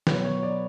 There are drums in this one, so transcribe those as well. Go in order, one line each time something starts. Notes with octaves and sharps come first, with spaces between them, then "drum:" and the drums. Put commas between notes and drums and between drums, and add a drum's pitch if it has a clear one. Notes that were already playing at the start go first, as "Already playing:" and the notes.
B2 F#3 B4, drum: snare
C#5
D5